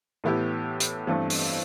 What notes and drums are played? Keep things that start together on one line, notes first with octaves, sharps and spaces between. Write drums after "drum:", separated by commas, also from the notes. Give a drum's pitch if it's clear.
A2 E3 B3 E4 G4
drum: hi-hat
G2 E3 A3 C4
drum: open hi-hat